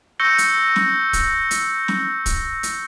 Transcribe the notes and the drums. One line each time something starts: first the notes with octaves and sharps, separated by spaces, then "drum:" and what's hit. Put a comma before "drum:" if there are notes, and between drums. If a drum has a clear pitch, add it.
C#6 E6 G6 A#6 C#7 G7
drum: hi-hat
drum: snare
drum: kick, hi-hat
drum: hi-hat
drum: snare
drum: kick, hi-hat
drum: hi-hat